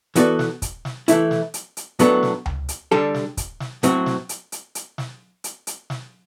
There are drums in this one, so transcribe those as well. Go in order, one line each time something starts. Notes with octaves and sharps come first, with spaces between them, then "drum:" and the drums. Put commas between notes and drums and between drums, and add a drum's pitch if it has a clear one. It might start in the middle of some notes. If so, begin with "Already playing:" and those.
E3 B3 F#4 A4 D5, drum: hi-hat
drum: snare
drum: kick, hi-hat
drum: snare
E3 A3 E4, drum: hi-hat
drum: snare
drum: hi-hat
drum: hi-hat
A2 F#3 B3 D4 A4, drum: hi-hat
drum: snare
drum: tom C#2
drum: hi-hat
D3 G3 D4 A4
drum: snare
drum: kick, hi-hat
drum: snare
A2 F#3 C4 F#4, drum: hi-hat
drum: snare
drum: hi-hat
drum: hi-hat
drum: hi-hat
drum: snare
drum: hi-hat
drum: hi-hat
drum: snare